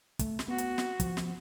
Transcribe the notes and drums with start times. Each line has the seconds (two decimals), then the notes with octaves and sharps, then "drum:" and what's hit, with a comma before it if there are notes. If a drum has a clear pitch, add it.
0.19 A3, drum: kick, hi-hat
0.39 drum: snare
0.48 B3 F#4
0.58 drum: hi-hat
0.78 drum: snare
1.00 F3, drum: kick, hi-hat
1.17 drum: snare